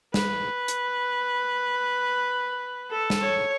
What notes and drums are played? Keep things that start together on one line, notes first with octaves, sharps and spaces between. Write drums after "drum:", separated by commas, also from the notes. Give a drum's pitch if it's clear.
B4, drum: snare
drum: hi-hat
A4
drum: snare
C#5